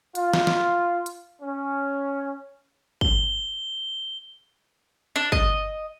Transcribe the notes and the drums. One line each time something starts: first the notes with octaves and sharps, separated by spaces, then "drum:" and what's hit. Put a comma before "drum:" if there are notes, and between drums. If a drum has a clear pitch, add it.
F4, drum: hi-hat
drum: snare
drum: snare
drum: hi-hat
C#4
G7, drum: kick
D4
D#5, drum: kick